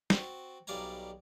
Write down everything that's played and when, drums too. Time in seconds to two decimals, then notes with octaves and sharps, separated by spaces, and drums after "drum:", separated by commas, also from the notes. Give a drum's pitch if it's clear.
0.10 C4 F#4 A5, drum: snare
0.67 B1 G3 D5 F5 G#5 A#5